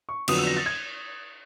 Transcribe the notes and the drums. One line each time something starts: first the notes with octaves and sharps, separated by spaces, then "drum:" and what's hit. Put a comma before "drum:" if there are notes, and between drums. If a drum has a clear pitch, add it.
C#6
F2 D3 F#3 B3 D#6, drum: cymbal
E6
A#6
A6
G#6